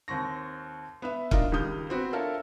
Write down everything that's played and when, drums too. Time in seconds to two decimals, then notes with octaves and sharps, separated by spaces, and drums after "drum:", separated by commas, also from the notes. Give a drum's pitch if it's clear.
0.08 D#2 C4 C#6 A#6
1.02 B3 B4 E5
1.31 D4 D#4 F4 A#4 D#5, drum: kick
1.52 C#2 D#3 G3 D#6 G6
1.89 B3 C4 F#4 B4
2.12 D4 F4 A4 A#4 C#5 E5